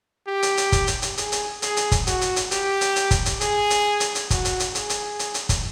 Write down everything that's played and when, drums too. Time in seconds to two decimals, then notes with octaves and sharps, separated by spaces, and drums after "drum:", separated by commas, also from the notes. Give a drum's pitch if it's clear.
0.28 G4
0.43 drum: hi-hat
0.57 drum: hi-hat
0.72 drum: kick, hi-hat
0.87 drum: hi-hat
1.02 drum: hi-hat
1.18 G#4, drum: hi-hat
1.32 drum: hi-hat
1.62 G#4, drum: hi-hat
1.77 drum: hi-hat
1.92 drum: kick, hi-hat
2.07 F#4, drum: hi-hat
2.21 drum: hi-hat
2.36 drum: hi-hat
2.51 G4, drum: hi-hat
2.81 drum: hi-hat
2.96 drum: hi-hat
3.11 drum: kick, hi-hat
3.26 drum: hi-hat
3.41 G#4, drum: hi-hat
3.70 drum: hi-hat
4.00 drum: hi-hat
4.15 drum: hi-hat
4.30 F#4, drum: kick, hi-hat
4.45 drum: hi-hat
4.60 drum: hi-hat
4.75 G#4, drum: hi-hat
4.90 drum: hi-hat
5.19 drum: hi-hat
5.34 drum: hi-hat
5.49 drum: kick, hi-hat